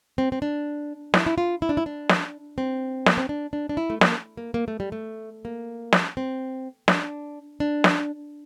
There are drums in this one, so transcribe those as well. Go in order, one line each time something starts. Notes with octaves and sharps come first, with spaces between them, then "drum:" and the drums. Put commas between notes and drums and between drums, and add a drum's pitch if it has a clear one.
C4
C4
D4
E4, drum: snare
E4
F4
E4
D4
E4
D4
drum: snare
C4
A#3, drum: snare
C4
D4
D4
D4
E4
A3
A#3, drum: snare
A#3
A#3
A3
G3
A3
A#3
drum: snare
C4
D4, drum: snare
D4
drum: snare